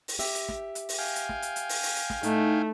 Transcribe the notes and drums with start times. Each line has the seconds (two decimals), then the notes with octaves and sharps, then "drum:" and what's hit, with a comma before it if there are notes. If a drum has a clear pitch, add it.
0.08 drum: open hi-hat
0.19 G4 E5, drum: open hi-hat
0.35 drum: hi-hat
0.48 drum: snare
0.75 drum: hi-hat
0.89 drum: open hi-hat
0.98 F5 G5 G#5
1.16 drum: hi-hat
1.29 drum: snare
1.42 drum: hi-hat
1.56 drum: hi-hat
1.69 drum: open hi-hat
1.83 drum: open hi-hat
1.96 drum: hi-hat
2.10 drum: snare
2.23 A2 A3 D#4, drum: hi-hat